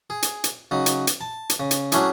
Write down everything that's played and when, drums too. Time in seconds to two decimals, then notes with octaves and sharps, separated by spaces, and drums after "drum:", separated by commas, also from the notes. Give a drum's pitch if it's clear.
0.10 G#4
0.22 drum: hi-hat
0.44 drum: hi-hat
0.71 C#3 F#3 D#4
0.86 drum: hi-hat
1.07 drum: hi-hat
1.21 A5
1.50 drum: hi-hat
1.60 C#3
1.71 drum: hi-hat
1.92 F#3 A3 C#4 D4 E4 G#4, drum: hi-hat